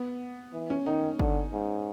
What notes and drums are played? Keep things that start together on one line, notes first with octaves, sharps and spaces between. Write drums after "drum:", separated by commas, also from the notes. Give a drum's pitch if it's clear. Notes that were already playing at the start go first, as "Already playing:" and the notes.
Already playing: B3
E3
C#4
D#3 D#4
D3, drum: kick G1
G#2